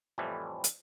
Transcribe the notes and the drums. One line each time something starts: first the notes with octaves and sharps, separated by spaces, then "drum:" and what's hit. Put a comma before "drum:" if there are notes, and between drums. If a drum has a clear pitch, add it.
F2 A2 E3 G3
drum: hi-hat